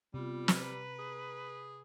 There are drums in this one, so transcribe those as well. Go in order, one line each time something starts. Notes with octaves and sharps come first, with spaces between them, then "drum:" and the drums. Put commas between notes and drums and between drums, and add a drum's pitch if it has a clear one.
C3 G3 B3 F4
B4 A#5, drum: snare
G#4